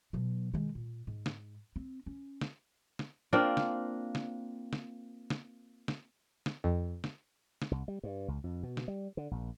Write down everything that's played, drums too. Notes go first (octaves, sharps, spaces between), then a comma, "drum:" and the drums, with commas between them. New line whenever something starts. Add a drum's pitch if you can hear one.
B2 F#3
D#3 G#3
A#2
G#2
drum: snare
C4
C#4
drum: snare
drum: snare
A#3 C4 D4 F4
drum: snare
drum: snare
drum: snare
drum: snare
drum: snare
drum: snare
F2
drum: snare
drum: snare
C2
G3
G2
C#2
F2
B2
drum: snare
G3
D3
A#1